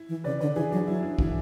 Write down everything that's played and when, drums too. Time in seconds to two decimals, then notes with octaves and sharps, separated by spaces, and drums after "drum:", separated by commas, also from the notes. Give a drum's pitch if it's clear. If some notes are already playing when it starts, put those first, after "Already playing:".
Already playing: E4
0.09 E3
0.24 C#3 B4 D5
0.40 D3 B4 D5
0.56 E3 G#4 B4
0.71 F#3 D4 F#4
0.87 F#3 E4
1.03 D4
1.19 E3 E4, drum: kick